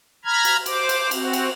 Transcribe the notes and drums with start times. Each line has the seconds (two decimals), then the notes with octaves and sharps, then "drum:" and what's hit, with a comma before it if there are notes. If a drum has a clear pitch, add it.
0.25 A#5 B5 F6 G#6
0.45 drum: cymbal
0.66 C5 D6, drum: cymbal
0.89 drum: cymbal
1.11 C4 F#4, drum: cymbal
1.33 drum: cymbal